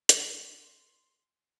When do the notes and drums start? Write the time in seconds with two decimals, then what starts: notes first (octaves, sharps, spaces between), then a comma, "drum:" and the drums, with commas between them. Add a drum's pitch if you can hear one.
0.09 C6, drum: hi-hat